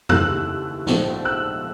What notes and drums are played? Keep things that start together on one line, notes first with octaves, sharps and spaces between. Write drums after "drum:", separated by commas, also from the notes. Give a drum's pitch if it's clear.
D#2 C#3 E3 A3 E6 F#6, drum: tom F2
A#1 G#2 F3 A3, drum: snare
E6 F#6